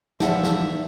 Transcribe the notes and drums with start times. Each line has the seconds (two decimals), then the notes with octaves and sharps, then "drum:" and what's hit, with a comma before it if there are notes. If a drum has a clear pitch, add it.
0.20 E2 F3 E5 F#5 A5, drum: snare
0.43 drum: snare